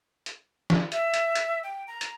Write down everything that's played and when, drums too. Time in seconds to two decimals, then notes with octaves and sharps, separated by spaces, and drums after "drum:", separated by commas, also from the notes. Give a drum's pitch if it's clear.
0.26 drum: hi-hat
0.70 drum: snare
0.92 E5, drum: hi-hat
1.14 drum: hi-hat
1.35 drum: hi-hat
1.63 G5
1.87 A#5
2.01 drum: hi-hat